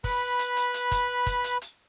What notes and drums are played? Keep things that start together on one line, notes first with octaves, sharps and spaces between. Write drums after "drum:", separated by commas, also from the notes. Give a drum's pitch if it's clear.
B4 B5, drum: kick, open hi-hat
drum: hi-hat
drum: hi-hat
drum: hi-hat
drum: kick, hi-hat
drum: kick, hi-hat
drum: hi-hat
drum: hi-hat